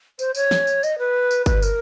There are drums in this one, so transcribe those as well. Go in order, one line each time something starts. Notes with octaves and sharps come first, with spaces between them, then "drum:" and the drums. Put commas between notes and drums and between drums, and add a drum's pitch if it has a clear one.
C5, drum: tambourine
C#5, drum: tambourine
drum: snare
drum: tambourine
D#5, drum: tambourine
B4
drum: tambourine
B4, drum: kick G1, tambourine
A#4, drum: tambourine